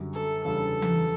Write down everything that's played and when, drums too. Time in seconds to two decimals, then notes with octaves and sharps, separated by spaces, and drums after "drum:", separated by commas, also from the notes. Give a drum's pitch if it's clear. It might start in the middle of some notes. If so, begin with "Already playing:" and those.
Already playing: F#2 D3 G3
0.13 A4
0.44 E2 C#3 G3 D4 A4
0.82 drum: tom E3